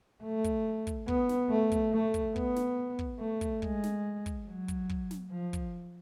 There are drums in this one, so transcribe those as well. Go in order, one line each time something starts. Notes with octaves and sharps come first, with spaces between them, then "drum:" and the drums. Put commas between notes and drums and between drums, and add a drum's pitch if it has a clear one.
A3
drum: kick, hi-hat
drum: kick, hi-hat
B3, drum: kick
drum: snare
A3
drum: kick, hi-hat
A3
drum: kick, hi-hat
B3, drum: kick
drum: snare
drum: kick
A3
drum: kick, hi-hat
G#3, drum: kick
drum: snare
drum: kick, hi-hat
F#3
drum: kick, hi-hat
drum: kick
drum: snare
F3
drum: kick, hi-hat